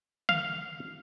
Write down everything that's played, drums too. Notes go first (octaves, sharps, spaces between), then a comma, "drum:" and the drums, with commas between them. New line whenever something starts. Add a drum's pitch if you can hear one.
F5, drum: tom